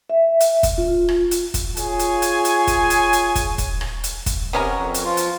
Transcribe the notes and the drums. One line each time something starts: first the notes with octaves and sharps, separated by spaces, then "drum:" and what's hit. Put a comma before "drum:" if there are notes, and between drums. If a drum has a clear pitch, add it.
E5
drum: hi-hat
drum: kick, hi-hat
F4
drum: rim click
drum: hi-hat
drum: kick, hi-hat
F4 G#4 C#5 G#5, drum: hi-hat
drum: hi-hat
drum: hi-hat
drum: hi-hat
drum: kick, hi-hat
drum: hi-hat
drum: hi-hat
drum: kick, hi-hat
drum: kick, hi-hat
drum: rim click
drum: hi-hat
drum: kick, hi-hat
C3 B3 C#4 A#4
F2
drum: hi-hat
F3 F4
drum: hi-hat